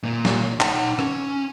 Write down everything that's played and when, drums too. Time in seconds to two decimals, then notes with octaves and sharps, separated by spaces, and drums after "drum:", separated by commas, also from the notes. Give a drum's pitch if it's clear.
0.03 A#2 A#3
0.25 drum: snare
0.60 D#4 F#5, drum: clap
0.99 C#4, drum: rim click